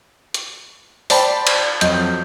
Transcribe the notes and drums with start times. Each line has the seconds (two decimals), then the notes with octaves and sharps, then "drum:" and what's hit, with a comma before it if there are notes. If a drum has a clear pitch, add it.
0.34 drum: hi-hat
1.10 C5 D5 G5 A5 B5, drum: open hi-hat
1.47 drum: cymbal
1.81 F2 F#3 D#5 G6, drum: hi-hat